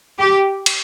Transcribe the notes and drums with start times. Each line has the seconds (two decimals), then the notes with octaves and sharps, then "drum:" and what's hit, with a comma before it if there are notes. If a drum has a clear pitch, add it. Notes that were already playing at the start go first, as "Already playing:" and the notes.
0.19 G4
0.66 drum: cymbal